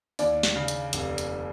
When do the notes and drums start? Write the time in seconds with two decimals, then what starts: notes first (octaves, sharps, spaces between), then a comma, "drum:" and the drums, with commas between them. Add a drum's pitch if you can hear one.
0.19 D#2 D5, drum: open hi-hat
0.43 drum: snare
0.56 C#3
0.68 drum: hi-hat
0.93 F1, drum: hi-hat
1.18 drum: hi-hat